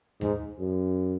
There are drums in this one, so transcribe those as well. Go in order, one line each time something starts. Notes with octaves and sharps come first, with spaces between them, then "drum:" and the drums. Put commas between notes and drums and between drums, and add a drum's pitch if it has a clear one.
G#2, drum: tom D#2
F#2